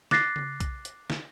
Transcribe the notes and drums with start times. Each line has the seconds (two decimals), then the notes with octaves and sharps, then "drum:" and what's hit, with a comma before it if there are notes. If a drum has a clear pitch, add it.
0.11 D6 F#6 A6 A#6 C7, drum: snare
0.36 drum: tom C#3
0.60 drum: kick B1, hi-hat
0.85 drum: hi-hat
1.10 drum: snare